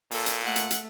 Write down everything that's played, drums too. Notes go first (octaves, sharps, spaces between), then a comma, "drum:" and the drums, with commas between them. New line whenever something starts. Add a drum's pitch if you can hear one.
A#2 A4, drum: open hi-hat
drum: hi-hat
A3 F#5
drum: hi-hat
drum: hi-hat